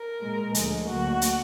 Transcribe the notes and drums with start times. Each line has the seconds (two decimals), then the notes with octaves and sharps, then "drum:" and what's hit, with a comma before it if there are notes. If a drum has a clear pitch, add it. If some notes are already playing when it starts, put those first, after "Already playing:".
Already playing: A#4
0.21 A#2 G#3
0.55 D2 D3 F3 G#3, drum: hi-hat
0.88 D2 D3 F#3 A#3 F#4
1.22 drum: hi-hat